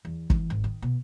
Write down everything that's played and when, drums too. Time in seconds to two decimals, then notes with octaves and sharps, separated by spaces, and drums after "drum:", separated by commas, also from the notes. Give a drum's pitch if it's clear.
0.05 E2
0.30 E3, drum: kick
0.50 G#1
0.64 D#3
0.82 B2